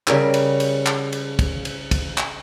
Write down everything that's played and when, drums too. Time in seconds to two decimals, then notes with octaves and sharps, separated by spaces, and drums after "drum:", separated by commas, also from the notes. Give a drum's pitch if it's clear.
0.07 C#3 G3 A#4 G#5, drum: clap
0.34 drum: cymbal
0.60 drum: cymbal
0.86 drum: clap
1.13 drum: cymbal
1.39 drum: kick, cymbal
1.65 drum: cymbal
1.91 drum: kick, cymbal
2.18 drum: clap